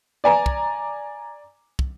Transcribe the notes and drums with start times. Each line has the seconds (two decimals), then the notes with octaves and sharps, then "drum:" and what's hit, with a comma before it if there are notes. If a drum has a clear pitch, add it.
0.24 D5 G#5 A#5
0.46 drum: kick
1.79 drum: kick